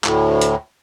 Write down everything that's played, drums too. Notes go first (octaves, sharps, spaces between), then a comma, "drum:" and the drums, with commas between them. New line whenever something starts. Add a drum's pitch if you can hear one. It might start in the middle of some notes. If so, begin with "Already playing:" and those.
D2 A2, drum: clap
drum: hi-hat